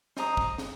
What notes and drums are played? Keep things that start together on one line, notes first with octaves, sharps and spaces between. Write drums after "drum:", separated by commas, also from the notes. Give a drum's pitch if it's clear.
C5 D#5 A#5 D#6, drum: snare
drum: kick
drum: snare